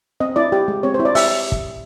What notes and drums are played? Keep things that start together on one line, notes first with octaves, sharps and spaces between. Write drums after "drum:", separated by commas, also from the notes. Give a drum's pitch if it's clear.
C4 D#5
E4 D5
G4
G#3
C4 C#5
C5
E4
D5
G4 E5, drum: open hi-hat
drum: kick